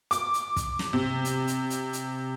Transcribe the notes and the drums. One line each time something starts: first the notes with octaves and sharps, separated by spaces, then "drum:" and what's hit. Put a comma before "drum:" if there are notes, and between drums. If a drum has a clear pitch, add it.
D6, drum: hi-hat
drum: hi-hat
drum: kick, hi-hat
drum: snare
C3
drum: hi-hat
drum: hi-hat
drum: hi-hat
drum: hi-hat